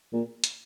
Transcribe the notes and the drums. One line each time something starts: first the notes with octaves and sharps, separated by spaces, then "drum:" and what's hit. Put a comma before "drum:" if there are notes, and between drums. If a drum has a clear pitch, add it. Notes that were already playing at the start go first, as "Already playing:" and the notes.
A#2
drum: hi-hat